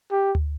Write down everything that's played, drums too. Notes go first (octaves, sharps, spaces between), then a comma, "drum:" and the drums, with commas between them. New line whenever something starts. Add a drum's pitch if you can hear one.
G4
drum: tom D2